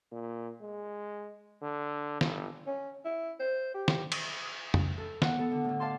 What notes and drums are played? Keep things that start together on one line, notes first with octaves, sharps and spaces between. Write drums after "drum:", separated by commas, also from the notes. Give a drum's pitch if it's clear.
A#2
G#3
D3
G1, drum: snare
C#4
E4
C5
G4
drum: snare
drum: cymbal
drum: tom F2
A4
B3 F#5, drum: snare
B3 A4
D3
A2 D3
D5 F5 A5 C6